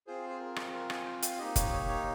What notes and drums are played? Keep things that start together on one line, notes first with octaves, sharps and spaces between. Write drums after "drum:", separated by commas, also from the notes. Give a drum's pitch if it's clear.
C4 F4 G#4 C5
G#4
A#4
drum: rim click
A#4
G#5, drum: rim click
G5
F5, drum: hi-hat
A#3 D#4 G4 D#5
C#5, drum: kick, hi-hat
C#5
C#5